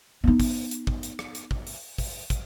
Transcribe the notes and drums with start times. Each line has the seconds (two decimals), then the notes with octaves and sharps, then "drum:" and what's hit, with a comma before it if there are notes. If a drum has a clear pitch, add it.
0.24 B3 D#4
0.40 drum: kick, open hi-hat
0.71 drum: hi-hat
0.87 drum: kick
1.03 drum: hi-hat
1.19 drum: rim click
1.35 drum: hi-hat
1.51 drum: kick
1.67 drum: open hi-hat
1.98 drum: kick, open hi-hat
2.30 drum: kick, hi-hat